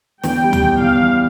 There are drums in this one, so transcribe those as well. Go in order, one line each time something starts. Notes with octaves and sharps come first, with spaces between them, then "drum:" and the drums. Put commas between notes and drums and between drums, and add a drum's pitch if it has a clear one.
E2 G5, drum: snare
G3
drum: tom D2
E2
E2 F5
E2